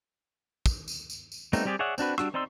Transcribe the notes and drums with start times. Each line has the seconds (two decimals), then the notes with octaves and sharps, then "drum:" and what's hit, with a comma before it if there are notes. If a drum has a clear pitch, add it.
0.66 drum: kick, tambourine
0.88 drum: tambourine
1.10 drum: tambourine
1.32 drum: tambourine
1.53 G3 A3 B3 C4 D#4, drum: tambourine
1.65 G3 C4 G4 G#4 D5
1.79 G#4 C#5 D5 E5 F#5
1.98 C4 D4 F#4 B4, drum: tambourine
2.18 G3 D4 F#4 E6, drum: rim click
2.34 C4 D#4 D5 C6 E6